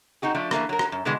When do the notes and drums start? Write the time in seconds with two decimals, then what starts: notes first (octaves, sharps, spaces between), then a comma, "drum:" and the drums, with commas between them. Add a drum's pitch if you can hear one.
0.22 C4 D#4 F#4 G#4
0.35 F3 A3 D4
0.51 E3 A3 A#3, drum: rim click
0.69 F#3 A#4
0.79 drum: rim click
0.92 F#2
1.05 B2 D3 E3 G#3 F#4